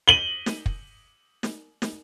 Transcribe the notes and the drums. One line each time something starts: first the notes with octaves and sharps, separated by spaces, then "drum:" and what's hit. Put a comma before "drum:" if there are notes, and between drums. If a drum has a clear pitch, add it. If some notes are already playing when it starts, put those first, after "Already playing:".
D#7 F#7 G7
drum: snare
drum: kick
drum: snare
drum: snare